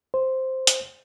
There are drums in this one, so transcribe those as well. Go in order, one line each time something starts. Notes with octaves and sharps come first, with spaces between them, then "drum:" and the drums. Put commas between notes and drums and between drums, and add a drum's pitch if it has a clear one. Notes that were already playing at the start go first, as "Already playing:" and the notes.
C5
drum: hi-hat